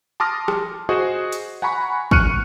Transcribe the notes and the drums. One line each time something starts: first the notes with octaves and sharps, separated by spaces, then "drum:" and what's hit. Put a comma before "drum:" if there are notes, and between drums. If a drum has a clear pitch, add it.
A5 C6 D6 D#6 F6 A#6
drum: rim click
F#4 G#4 C5 D#5
drum: hi-hat
F#5 G#5 A#5 B5 C#6
C#6 F6 F#6 C#7 D#7, drum: kick